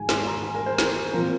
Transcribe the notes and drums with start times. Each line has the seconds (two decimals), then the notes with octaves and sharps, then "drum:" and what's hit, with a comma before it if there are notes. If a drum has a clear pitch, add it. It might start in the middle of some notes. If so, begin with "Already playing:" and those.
Already playing: G#2 D#3 G#3 G#5
0.09 C6, drum: snare
0.27 A#5
0.43 G#5
0.55 A#4
0.66 C5
0.78 drum: snare
1.13 A#2 F3 C4 A#4